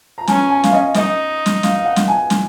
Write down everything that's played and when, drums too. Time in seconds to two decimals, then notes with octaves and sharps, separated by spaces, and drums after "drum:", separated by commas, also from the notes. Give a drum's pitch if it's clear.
0.18 A#5
0.27 C#4 G#5, drum: snare
0.50 G#5
0.64 F5, drum: snare
0.73 D#5
0.94 D#4 D#5, drum: snare
1.46 drum: snare
1.63 F5, drum: snare
1.77 F5
1.86 F#5
1.96 drum: snare
2.08 G#5
2.30 drum: snare